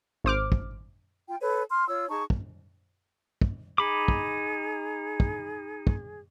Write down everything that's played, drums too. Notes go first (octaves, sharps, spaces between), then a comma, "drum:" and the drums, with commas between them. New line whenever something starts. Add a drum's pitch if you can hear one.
G#1 C5 D6 F6
drum: kick
F4 G5
A4 B4 C#5
C6 F6
F4 C#5 E6
D#4 G#4 A5 C#6
drum: kick
drum: kick
D#4 G#4 B5 D6
drum: kick
drum: kick
drum: kick